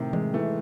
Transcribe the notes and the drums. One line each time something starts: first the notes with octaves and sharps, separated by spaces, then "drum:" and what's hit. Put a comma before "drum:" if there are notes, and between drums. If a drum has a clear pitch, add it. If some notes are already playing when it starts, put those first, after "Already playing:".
Already playing: A2 C3 D#3
G#3, drum: tom D#3
E3 A3